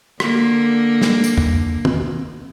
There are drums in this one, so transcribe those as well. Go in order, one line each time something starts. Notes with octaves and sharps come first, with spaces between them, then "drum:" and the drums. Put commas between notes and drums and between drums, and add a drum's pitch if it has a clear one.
D3 A#3, drum: rim click
drum: snare
drum: tambourine
drum: tom
drum: tom